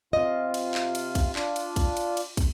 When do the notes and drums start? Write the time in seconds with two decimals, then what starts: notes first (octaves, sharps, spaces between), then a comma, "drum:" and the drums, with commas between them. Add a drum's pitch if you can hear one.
0.13 C3 F4 D#5 F5
0.54 drum: cymbal
0.74 drum: clap
0.95 drum: cymbal
1.15 drum: kick, cymbal
1.36 D4 F4, drum: clap
1.56 drum: cymbal
1.76 drum: kick, cymbal
1.97 drum: cymbal
2.17 drum: cymbal
2.37 drum: kick, cymbal